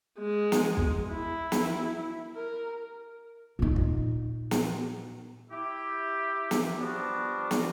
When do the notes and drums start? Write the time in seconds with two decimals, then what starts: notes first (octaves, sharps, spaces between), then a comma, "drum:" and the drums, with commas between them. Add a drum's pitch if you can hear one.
0.19 G#3
0.52 drum: snare
0.77 drum: kick
1.09 E4
1.52 drum: snare
2.35 A#4
3.59 A#2 D#4
3.76 drum: kick
4.51 drum: snare
5.51 E4 G4
6.51 drum: snare
6.80 F3 G3 B3 D4 F4 F#4
7.51 drum: snare